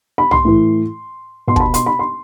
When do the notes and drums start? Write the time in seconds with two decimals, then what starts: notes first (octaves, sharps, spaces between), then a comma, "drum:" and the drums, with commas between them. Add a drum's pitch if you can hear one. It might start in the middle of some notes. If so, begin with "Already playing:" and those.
0.18 B5
0.31 C6, drum: tom B1
0.45 A2 E3
1.47 B2 C6
1.56 A5, drum: kick
1.60 B5
1.74 C6, drum: hi-hat
1.86 B5
1.99 C6